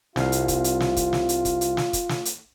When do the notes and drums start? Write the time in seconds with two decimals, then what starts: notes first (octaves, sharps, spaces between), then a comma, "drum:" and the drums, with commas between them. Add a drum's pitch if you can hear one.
0.16 C2 F4 F5, drum: snare
0.32 drum: hi-hat
0.48 drum: kick, hi-hat
0.64 drum: hi-hat
0.80 drum: snare
0.97 drum: kick, hi-hat
1.13 drum: snare
1.29 drum: hi-hat
1.45 drum: kick, hi-hat
1.61 drum: hi-hat
1.77 drum: snare
1.93 drum: kick, hi-hat
2.09 drum: snare
2.25 drum: hi-hat